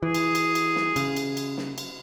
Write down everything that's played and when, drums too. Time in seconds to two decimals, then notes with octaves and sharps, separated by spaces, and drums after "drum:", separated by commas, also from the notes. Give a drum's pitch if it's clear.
0.03 E3 G#4
0.15 drum: cymbal
0.35 drum: cymbal
0.55 drum: cymbal
0.76 drum: snare
0.96 C#3, drum: cymbal
1.16 drum: cymbal
1.37 drum: cymbal
1.57 drum: snare
1.78 drum: cymbal